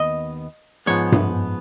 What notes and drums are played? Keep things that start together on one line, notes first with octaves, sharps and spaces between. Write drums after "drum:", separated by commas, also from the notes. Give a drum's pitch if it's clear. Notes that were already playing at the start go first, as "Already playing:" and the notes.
Already playing: D#2 B3 D#5
G#2 F3 G#3 B3 C#5
drum: tom G2